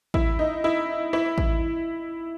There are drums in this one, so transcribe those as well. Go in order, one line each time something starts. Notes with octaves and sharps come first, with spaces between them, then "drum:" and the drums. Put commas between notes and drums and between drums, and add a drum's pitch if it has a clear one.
E4, drum: kick A1
D#4
E4
E4, drum: rim click
drum: kick A1